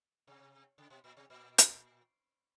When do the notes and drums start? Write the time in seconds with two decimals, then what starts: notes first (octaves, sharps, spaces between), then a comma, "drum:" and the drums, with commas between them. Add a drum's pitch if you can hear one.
0.27 C3
0.78 C#3
0.90 B2
1.04 A#2
1.17 C3
1.30 A#2
1.58 drum: hi-hat